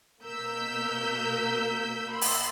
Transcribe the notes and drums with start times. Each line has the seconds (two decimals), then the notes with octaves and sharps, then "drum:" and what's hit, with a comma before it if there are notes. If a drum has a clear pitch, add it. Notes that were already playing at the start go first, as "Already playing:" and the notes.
0.23 B2 A#3 A#4 E6 G6 B6
2.12 B5 C6 E6
2.21 drum: open hi-hat